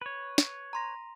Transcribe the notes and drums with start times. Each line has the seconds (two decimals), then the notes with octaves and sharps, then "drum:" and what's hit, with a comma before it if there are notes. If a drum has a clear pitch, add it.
0.01 B4 C#5
0.38 drum: snare
0.73 A#5 C6 A#6